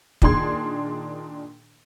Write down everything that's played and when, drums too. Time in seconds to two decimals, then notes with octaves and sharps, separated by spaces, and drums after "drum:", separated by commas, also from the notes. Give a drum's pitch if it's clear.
0.22 A#2 D#3 D4 G#4 C6 G#6, drum: kick